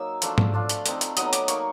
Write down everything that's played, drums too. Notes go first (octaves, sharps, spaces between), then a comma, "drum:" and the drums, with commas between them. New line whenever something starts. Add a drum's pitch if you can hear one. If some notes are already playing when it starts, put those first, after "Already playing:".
Already playing: F#3 A#3 D#4 E6
F3 A3 D4 F4, drum: hi-hat
drum: tom G#2
A3 D4 F4
drum: hi-hat
A3 C4 D#4, drum: hi-hat
drum: hi-hat
F#3 B3 D#4 D#6, drum: hi-hat
D6, drum: hi-hat
A#3 D#4 C#6, drum: hi-hat